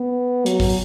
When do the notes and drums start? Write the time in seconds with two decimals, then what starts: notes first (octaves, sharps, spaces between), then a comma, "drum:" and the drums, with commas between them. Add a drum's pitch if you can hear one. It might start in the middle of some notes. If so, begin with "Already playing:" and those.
Already playing: B3
0.46 F#3, drum: hi-hat
0.60 drum: kick A1, open hi-hat